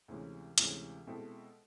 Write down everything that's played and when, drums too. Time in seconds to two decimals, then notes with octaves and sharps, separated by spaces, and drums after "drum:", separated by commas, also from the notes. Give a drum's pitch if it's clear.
0.08 D2 C3 E3 G#3 C#4
0.58 D2 C3 E3 G#3 C#4, drum: hi-hat
1.07 B2 G#3 C4 E4 A4